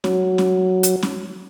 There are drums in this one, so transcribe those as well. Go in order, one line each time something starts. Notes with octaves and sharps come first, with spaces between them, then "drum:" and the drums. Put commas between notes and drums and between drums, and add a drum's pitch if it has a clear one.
F#3, drum: snare C#4
drum: snare C#4
drum: hi-hat
drum: snare C#4